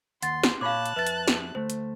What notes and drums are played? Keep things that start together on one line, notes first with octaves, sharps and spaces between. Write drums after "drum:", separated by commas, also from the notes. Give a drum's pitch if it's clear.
D#2 F#5 C6 A6, drum: hi-hat
drum: snare
A#2 C#5 F5 A5 B5 D6 F#6
drum: hi-hat
F2 B4 E5 A6
drum: hi-hat
drum: snare
D2 A3 C5
drum: hi-hat